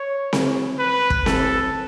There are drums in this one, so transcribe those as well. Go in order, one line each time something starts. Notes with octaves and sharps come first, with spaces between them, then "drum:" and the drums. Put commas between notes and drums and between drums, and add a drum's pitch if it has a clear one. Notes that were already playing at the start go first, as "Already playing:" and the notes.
Already playing: C#5
drum: snare C4
B4
drum: kick
A4, drum: snare C4